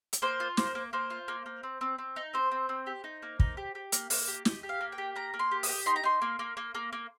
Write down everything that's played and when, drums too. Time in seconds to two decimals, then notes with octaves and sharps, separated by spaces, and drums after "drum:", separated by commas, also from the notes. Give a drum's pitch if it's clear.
0.13 drum: hi-hat
0.22 A#3 C5
0.40 F4
0.57 A#3 C5, drum: snare
0.75 A#3
0.93 A#3 C5
1.10 F4
1.28 A#3
1.46 A#3
1.63 C4
1.81 C4
1.98 C4
2.16 D#4
2.33 C4 C5
2.51 C4
2.69 C4
2.87 G4
3.04 D#4
3.22 A#3
3.40 D#4, drum: kick
3.57 G4
3.75 G4
3.92 A#3, drum: hi-hat
4.10 A#3, drum: open hi-hat
4.28 G4
4.45 G4 D#5, drum: snare
4.63 G4
4.69 F5
4.81 A#3
4.92 G5
4.98 G4
5.16 A#3 A#5
5.34 A#3
5.39 C6
5.51 G4
5.63 D#6, drum: open hi-hat
5.69 G4
5.86 D#4 C6
5.96 A#5
6.03 D#4 C6
6.22 A#3
6.39 A#3
6.57 A#3
6.75 A#3
6.93 A#3